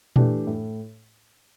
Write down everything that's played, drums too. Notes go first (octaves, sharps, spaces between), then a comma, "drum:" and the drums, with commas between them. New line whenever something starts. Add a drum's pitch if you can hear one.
E3 A3 D4 G4, drum: tom A#2
A2